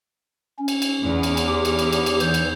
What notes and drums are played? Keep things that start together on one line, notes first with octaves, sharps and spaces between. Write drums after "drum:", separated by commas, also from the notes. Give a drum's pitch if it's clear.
C#4
drum: cymbal
drum: cymbal
E2
drum: cymbal
drum: cymbal
G4 D6
drum: cymbal
drum: cymbal
drum: cymbal
drum: cymbal
E3 G6, drum: cymbal
drum: cymbal